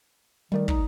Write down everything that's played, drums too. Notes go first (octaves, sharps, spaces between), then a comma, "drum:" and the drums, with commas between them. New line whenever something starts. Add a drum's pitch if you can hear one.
D#3 G3 A3 D5
D#4, drum: kick